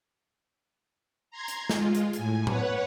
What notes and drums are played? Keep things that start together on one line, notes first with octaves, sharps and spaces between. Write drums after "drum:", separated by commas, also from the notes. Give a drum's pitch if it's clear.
A#5 C6 G#6
drum: hi-hat
G#3 F4, drum: snare
drum: hi-hat
A2 G#5, drum: hi-hat
B4 C#5 F#5, drum: tom A2